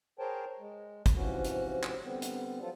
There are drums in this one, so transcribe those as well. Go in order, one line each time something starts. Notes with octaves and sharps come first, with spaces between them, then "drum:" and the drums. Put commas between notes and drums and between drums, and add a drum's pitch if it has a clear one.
G#4 A#4 C5 C#5 G5 A5
G#3
drum: kick, hi-hat
G#2 C3 E3 F3 C#4 F#4
drum: hi-hat
drum: clap
D3 G3 B3 C4
drum: hi-hat
F3 F#3 B3 F4 A4